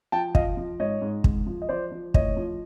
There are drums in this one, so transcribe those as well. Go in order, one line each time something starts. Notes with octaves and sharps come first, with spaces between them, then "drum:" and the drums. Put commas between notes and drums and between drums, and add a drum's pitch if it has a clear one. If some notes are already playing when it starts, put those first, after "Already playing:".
F3 G5 A5
F3 D#5 F5, drum: kick
F3
G#2 C#5 D#5
G#2
G#2, drum: kick
F3
D#5
F3 C5 D5
F3
A2 C#5 D#5, drum: kick
F3